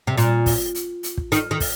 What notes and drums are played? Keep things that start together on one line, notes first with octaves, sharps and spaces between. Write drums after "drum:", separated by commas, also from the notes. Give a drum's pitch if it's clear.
C3
A#2, drum: hi-hat
drum: kick, open hi-hat
drum: hi-hat
drum: hi-hat
drum: kick
D#3, drum: hi-hat
D#3
drum: kick, open hi-hat